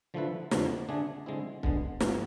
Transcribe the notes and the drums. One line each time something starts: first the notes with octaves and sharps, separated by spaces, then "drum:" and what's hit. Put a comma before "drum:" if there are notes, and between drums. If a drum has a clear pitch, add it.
D3 F3 A3 E4 B4
F2 D3 F3 G#3, drum: snare
D3 A3 D4 G#4
D3 G#3 C4 E4
D3 G#3 B3, drum: kick
G#2 F3 B3 E4, drum: snare